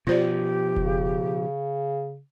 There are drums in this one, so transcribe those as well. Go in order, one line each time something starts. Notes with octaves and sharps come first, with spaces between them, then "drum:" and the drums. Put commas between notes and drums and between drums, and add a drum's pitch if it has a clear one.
B2 F3 F4 G4 C5 D5
C#3, drum: kick F1